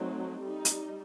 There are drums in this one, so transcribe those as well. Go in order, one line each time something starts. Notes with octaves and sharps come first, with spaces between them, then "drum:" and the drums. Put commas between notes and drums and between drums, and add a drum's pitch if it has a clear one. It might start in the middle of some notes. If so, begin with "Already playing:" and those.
Already playing: F#3 A3 C4 D#4
G3 D#4
drum: hi-hat